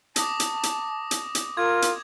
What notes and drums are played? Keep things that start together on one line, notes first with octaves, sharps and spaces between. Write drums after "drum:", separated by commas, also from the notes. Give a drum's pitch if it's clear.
A5 D6 D#6 A#6, drum: hi-hat
drum: hi-hat
drum: hi-hat
drum: hi-hat
drum: hi-hat
F4 A#4 G#6
drum: hi-hat